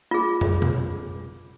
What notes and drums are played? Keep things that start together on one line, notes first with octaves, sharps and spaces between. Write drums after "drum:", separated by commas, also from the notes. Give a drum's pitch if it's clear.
F4 G#4
drum: tom
drum: tom B2